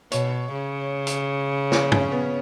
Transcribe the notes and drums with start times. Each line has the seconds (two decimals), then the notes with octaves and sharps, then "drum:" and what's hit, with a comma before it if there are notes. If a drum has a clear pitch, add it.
0.12 B2 C#5, drum: hi-hat
0.52 C#3
1.07 drum: hi-hat
1.72 C#5, drum: snare
1.92 C#4, drum: tom
2.12 B3